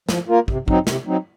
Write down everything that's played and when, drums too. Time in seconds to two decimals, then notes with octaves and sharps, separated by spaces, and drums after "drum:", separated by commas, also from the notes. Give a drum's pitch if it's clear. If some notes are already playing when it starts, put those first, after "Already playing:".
0.09 F3, drum: snare
0.28 A#3 F4 A#4
0.48 C3, drum: kick
0.68 F#3 C4 D#4, drum: kick
0.87 C3, drum: snare
1.06 F#3 C4 D#4